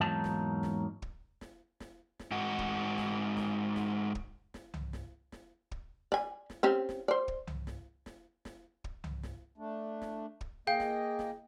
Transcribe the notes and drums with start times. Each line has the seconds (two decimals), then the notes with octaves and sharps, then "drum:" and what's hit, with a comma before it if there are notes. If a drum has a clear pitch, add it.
0.01 E2 G#2 F#3 A#3 D#4 A5
0.24 drum: snare
0.63 drum: snare
1.02 drum: kick
1.41 drum: snare
1.80 drum: snare
2.19 drum: snare
2.31 G#2 F#4
2.59 drum: kick
2.98 drum: snare
3.37 drum: snare
3.76 drum: snare
4.15 drum: kick
4.54 drum: snare
4.74 drum: tom C2
4.93 drum: snare
5.32 drum: snare
5.71 drum: kick
6.12 D5 G#5, drum: snare
6.50 drum: snare
6.63 C4 C#4 G4
6.89 drum: snare
7.08 C5 D5
7.28 drum: kick
7.47 drum: tom C2
7.67 drum: snare
8.06 drum: snare
8.45 drum: snare
8.84 drum: kick
9.04 drum: tom C2
9.23 drum: snare
9.58 A3 D4
10.02 drum: snare
10.41 drum: kick
10.67 A#3 G#4 D#5 F5 G5
10.80 drum: snare
11.19 drum: snare